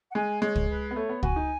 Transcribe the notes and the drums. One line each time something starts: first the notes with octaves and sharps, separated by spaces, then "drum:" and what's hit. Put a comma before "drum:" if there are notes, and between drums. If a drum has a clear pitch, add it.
F#5
G#3 G#5
G#3 C#5
drum: kick
B4
B3
A3 C#5
B3
F#4 G#5, drum: kick
D#4